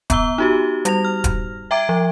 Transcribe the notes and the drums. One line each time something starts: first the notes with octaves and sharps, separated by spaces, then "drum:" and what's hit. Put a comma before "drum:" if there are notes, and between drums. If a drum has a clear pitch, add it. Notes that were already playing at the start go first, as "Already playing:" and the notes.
B3 A#5 E6 G7, drum: kick D#1, hi-hat
D#4 F#4 G4
G3 A#6 F7, drum: hi-hat
F6
drum: kick D#1, hi-hat
E5 G5 A#5 D6 G#6 D7
F3